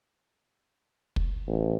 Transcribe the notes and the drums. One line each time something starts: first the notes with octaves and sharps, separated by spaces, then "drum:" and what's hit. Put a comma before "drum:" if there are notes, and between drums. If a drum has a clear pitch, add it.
drum: kick
A1